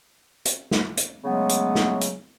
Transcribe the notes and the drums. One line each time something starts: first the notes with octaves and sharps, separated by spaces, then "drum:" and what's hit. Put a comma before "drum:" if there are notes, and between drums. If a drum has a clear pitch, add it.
drum: hi-hat
drum: snare
drum: hi-hat
C#3 F#3 G#3 A3 B3
drum: hi-hat
drum: snare
drum: hi-hat